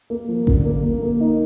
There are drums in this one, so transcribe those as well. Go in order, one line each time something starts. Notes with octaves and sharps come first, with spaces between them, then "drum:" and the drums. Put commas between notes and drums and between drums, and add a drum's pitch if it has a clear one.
A#3
F3
D3, drum: kick A1
A#3
A#3
A#3
D#4